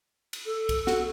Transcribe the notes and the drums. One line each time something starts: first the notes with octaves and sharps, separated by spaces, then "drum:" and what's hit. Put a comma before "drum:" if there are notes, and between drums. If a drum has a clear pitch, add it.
drum: cymbal
A4
drum: kick, cymbal
F#4, drum: snare